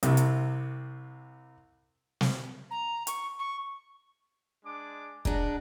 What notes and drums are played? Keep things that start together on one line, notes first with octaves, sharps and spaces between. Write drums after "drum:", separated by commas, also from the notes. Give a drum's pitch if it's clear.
C2 C3, drum: hi-hat
drum: hi-hat
drum: snare
A#5
C#6, drum: hi-hat
C#6
G#3 D4 D6
G#3 D4 F#5 A#5, drum: kick